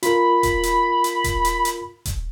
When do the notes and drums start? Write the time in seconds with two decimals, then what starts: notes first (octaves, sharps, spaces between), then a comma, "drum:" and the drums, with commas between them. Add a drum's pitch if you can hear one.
0.03 F4 A#4 B5, drum: hi-hat
0.43 drum: kick D#1, hi-hat
0.63 drum: hi-hat
1.04 drum: hi-hat
1.24 drum: kick D#1, hi-hat
1.45 drum: hi-hat
1.65 drum: hi-hat
2.05 drum: kick D#1, hi-hat